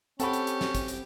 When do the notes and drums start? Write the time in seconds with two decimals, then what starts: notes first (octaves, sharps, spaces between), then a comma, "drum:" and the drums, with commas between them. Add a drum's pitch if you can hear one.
0.20 C4 C#4 G4 A4 F#5 B5, drum: hi-hat
0.33 drum: hi-hat
0.47 drum: hi-hat
0.61 drum: snare
0.75 drum: kick, hi-hat
0.88 drum: hi-hat